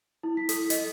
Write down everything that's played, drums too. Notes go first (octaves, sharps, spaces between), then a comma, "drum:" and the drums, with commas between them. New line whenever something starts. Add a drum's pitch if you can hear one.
E4
B6
A4, drum: hi-hat
D#5, drum: hi-hat